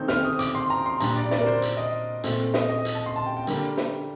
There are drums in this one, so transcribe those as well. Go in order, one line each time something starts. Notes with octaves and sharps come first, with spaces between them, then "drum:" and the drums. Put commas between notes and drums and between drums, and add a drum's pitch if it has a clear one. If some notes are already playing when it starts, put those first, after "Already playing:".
Already playing: D#3 A3 C4 D#4 G6
F6, drum: snare
D#6
D6, drum: hi-hat
C6
A#5
C6
A#2 G3 D4 A#5, drum: hi-hat
D5
D5, drum: snare
A#4
C5
drum: hi-hat
D#5
A#2 A3 C4, drum: hi-hat
D#5, drum: snare
D#5
drum: hi-hat
A5
C6
A5
G5
G5
D3 G3 A#3, drum: hi-hat
drum: snare